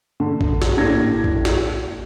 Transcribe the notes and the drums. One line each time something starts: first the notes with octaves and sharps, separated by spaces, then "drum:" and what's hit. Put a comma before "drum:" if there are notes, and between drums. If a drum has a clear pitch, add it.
D3
drum: kick
drum: snare
A2 A#3 D4 G4 G#6 A#6
drum: kick
drum: snare